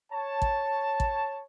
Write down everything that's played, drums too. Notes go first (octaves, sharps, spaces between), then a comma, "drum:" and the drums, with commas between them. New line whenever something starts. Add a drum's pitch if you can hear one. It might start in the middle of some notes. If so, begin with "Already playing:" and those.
C#5 A5
drum: kick
drum: kick